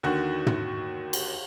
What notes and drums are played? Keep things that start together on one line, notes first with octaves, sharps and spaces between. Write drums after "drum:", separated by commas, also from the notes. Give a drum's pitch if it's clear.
D#2 D3 D#3 F#4 C#6 F#6
drum: tom
drum: cymbal